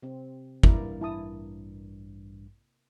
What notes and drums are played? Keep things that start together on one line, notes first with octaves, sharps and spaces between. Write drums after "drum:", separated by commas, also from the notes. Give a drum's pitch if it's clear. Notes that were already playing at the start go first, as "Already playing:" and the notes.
C3 C4
A1 G2 A#3 E4 A#4 D5, drum: kick
E4 A5 D#6